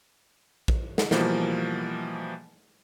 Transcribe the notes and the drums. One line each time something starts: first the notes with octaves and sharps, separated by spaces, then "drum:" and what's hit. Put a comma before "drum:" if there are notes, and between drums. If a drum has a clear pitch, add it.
drum: kick A#1
drum: snare
B2 E3 F3 G3 A#3, drum: snare